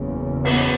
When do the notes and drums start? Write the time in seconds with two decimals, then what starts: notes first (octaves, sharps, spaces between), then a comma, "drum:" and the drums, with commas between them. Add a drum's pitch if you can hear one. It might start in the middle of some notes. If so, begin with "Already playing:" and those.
Already playing: F#1 E2 C#3
0.45 B3, drum: cymbal